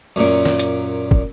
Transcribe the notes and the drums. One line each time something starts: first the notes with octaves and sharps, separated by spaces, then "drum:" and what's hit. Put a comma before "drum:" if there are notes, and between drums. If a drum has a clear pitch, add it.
F#2 A#2
drum: snare
drum: hi-hat
drum: kick